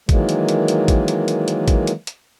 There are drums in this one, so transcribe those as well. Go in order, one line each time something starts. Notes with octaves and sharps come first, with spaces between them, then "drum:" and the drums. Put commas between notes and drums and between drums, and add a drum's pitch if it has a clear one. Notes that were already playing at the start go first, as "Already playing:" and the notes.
D#3 E3 F#3 G#3 A#3, drum: kick, hi-hat
drum: hi-hat
drum: hi-hat
drum: hi-hat
drum: kick, hi-hat
drum: hi-hat
drum: hi-hat
drum: hi-hat
drum: kick, hi-hat
drum: hi-hat
drum: hi-hat